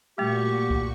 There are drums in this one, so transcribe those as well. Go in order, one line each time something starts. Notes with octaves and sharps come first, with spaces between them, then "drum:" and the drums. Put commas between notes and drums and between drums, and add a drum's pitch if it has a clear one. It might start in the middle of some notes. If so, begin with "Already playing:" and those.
A#2 G3 A3 F#4 G4 C#6
drum: kick C2